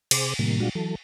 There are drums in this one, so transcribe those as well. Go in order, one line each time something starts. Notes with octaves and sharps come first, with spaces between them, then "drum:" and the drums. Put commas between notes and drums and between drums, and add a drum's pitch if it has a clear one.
C3 G#4 C5 D6, drum: cymbal
A2 C3 D#3 G3 A#3
A#2 G3 G#3 D4 F4 F#4
E3 F#3 A4